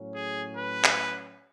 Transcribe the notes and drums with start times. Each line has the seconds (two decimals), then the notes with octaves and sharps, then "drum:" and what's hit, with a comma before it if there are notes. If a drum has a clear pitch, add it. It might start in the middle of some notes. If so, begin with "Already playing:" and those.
Already playing: A2 F#3 C#4
0.15 G#4
0.57 B4
0.84 drum: clap